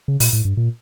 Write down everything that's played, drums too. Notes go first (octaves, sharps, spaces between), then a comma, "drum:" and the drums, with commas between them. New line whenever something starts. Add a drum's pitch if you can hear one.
C#3
A#2, drum: open hi-hat
A2
G2
A#2